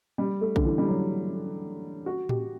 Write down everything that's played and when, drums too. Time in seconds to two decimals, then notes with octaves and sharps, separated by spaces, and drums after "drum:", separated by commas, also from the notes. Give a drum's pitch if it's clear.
0.18 G3
0.41 A3
0.56 D3, drum: kick A#1
0.65 E3
0.78 G3
0.88 F#3
2.06 F#4
2.29 G4, drum: tom A2